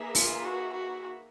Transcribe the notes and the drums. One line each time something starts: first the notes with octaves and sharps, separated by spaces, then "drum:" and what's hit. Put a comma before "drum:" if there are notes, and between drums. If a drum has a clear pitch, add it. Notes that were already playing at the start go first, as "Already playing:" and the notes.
Already playing: A#3 D#4 G#4 B4 E5
F4, drum: open hi-hat
F#4
F#4